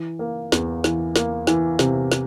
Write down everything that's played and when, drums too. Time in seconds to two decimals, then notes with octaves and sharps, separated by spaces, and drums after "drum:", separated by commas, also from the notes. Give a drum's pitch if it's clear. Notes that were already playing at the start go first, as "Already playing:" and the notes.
Already playing: E3
0.19 A#3
0.52 E2, drum: snare
0.84 E3, drum: snare
1.16 A#3, drum: snare
1.47 E3, drum: snare
1.79 C3, drum: snare
2.12 drum: snare